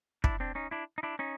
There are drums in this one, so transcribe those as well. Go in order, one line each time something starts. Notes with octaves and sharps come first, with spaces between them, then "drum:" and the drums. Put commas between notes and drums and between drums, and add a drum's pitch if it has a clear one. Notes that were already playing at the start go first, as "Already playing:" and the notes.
D4 E4, drum: kick
C4 D4
C#4 D#4
D4 E4
D#4
D4 E4
C#4 D#4